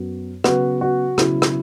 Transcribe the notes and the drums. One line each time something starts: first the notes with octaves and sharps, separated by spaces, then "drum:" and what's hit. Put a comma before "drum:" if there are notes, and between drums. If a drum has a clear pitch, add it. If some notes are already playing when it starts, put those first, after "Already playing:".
Already playing: F#2 F#3 B3
C#3 F#3 B3 F#4 B4, drum: rim click
F#4
C#3 F#3 B3 E4, drum: rim click
drum: rim click